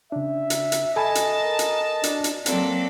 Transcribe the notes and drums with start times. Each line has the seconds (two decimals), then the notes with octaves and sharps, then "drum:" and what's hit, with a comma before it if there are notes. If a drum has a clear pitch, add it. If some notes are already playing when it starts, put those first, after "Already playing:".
0.12 C#3 D4 E5
0.50 drum: hi-hat
0.72 drum: hi-hat
0.96 A4 D#5 G#5 A5 B5
1.15 drum: hi-hat
1.44 A#4
1.59 drum: hi-hat
2.03 D4, drum: hi-hat
2.24 drum: hi-hat
2.46 F#3 A#3 C4 A4 D5 B6, drum: hi-hat